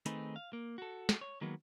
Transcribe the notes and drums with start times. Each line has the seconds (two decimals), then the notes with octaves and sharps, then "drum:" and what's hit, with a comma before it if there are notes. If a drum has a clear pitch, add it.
0.06 D#3 A3 C4 D#4 G#4 B4, drum: hi-hat
0.36 F5
0.53 A#3
0.78 F#4 A4
1.09 drum: snare
1.21 C#5
1.41 D#3 F#3 G#3 A#3 B3